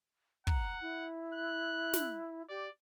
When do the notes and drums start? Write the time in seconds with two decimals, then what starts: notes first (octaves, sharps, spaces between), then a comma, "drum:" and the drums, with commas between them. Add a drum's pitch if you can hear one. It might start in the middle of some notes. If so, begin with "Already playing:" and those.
0.47 F#5 A#5, drum: kick
0.81 E4
1.34 F#6
1.93 drum: snare
2.49 G4 D5